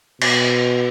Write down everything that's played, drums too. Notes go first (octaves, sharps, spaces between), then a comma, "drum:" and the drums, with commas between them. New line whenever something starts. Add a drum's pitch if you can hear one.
B2, drum: cymbal